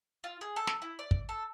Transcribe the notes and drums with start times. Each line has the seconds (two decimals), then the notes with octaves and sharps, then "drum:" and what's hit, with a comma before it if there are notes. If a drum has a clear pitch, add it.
0.24 F4
0.41 G#4
0.56 A4
0.67 drum: snare
0.82 E4
0.99 D5
1.11 drum: kick
1.29 A4